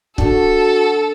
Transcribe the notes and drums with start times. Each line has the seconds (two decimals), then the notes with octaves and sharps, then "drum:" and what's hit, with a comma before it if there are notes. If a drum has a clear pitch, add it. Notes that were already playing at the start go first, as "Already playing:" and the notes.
0.18 D4 F#4 A4, drum: kick